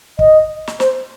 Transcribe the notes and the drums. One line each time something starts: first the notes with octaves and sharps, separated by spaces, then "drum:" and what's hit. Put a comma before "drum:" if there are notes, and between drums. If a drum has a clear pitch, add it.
D#5, drum: kick
drum: snare
C5, drum: snare